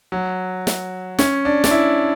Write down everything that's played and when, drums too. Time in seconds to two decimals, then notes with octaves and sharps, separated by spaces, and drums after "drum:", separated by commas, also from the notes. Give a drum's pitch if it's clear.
0.12 F#3
0.67 drum: snare
1.19 C#4, drum: snare
1.45 D4
1.64 D4, drum: snare
1.71 E4